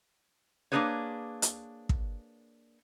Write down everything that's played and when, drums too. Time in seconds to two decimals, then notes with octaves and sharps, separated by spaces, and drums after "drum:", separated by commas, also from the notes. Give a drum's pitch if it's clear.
0.72 A#3 D4 D#4 G#4 B4 C#5
1.42 drum: hi-hat
1.89 drum: kick